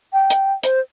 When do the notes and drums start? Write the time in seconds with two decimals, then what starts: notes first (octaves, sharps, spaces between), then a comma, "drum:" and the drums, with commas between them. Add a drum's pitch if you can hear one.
0.13 G5
0.30 drum: hi-hat
0.63 C5, drum: hi-hat